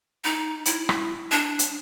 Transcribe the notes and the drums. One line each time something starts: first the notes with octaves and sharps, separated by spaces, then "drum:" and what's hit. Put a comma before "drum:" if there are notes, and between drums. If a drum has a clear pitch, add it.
D#4
E4, drum: hi-hat
drum: rim click
D4
drum: hi-hat